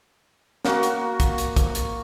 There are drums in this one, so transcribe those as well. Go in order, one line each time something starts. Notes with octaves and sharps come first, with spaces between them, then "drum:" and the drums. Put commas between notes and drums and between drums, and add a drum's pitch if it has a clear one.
A#3 F#4, drum: snare
drum: hi-hat
drum: kick, hi-hat
drum: hi-hat
drum: kick, hi-hat
drum: hi-hat